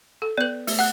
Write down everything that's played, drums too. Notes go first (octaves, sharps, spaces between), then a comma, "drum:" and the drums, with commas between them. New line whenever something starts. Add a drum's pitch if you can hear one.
A4
B3 B4 D5 G6
A3, drum: open hi-hat
F#5 F#6